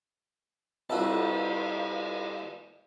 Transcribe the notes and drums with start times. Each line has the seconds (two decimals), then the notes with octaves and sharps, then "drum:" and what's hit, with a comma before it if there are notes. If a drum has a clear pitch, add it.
0.90 C2 F3 F#4 A4 A5, drum: cymbal